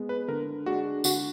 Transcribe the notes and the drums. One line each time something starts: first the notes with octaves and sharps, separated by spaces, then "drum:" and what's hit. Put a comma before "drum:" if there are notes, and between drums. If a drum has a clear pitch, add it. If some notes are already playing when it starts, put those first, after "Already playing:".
Already playing: G#3 B3
B4
D3 A#4
G#3 D4 F#4
D3 F#4, drum: tambourine